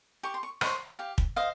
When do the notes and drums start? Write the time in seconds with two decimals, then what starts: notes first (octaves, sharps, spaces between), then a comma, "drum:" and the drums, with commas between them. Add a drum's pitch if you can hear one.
0.23 G4 C#6
0.34 C6
0.43 C#6
0.61 C5 D#5 C#6, drum: rim click
0.99 G4 F5
1.18 drum: kick
1.36 C5 D#5 F5